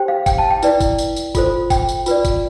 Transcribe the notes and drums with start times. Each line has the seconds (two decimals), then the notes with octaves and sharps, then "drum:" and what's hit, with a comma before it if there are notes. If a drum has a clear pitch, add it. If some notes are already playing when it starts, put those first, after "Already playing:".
Already playing: G4 C5 G5
0.08 F5
0.26 G5, drum: kick, tambourine
0.38 A5
0.50 G5
0.63 E4 B4 D5, drum: tambourine
0.80 drum: kick, tambourine
0.98 drum: tambourine
1.16 drum: tambourine
1.35 F4 A4 C5, drum: kick, tambourine
1.70 G5, drum: kick, tambourine
1.89 drum: tambourine
2.06 F4 B4 D5, drum: tambourine
2.25 drum: kick, tambourine